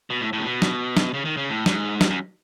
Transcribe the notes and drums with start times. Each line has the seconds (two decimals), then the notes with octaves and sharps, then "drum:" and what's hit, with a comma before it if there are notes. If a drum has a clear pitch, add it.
0.10 B2
0.22 A2
0.33 A2
0.38 C#3
0.44 B2
0.62 drum: snare
0.97 drum: snare
1.14 C#3
1.25 D#3
1.37 C#3
1.49 A2
1.66 G#2, drum: snare
2.01 drum: snare
2.10 F#2